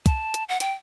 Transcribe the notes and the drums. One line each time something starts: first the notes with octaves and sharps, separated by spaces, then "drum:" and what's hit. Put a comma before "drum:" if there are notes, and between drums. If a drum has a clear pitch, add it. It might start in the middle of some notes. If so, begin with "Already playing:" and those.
A5, drum: kick, hi-hat
drum: hi-hat
F#5
G5, drum: hi-hat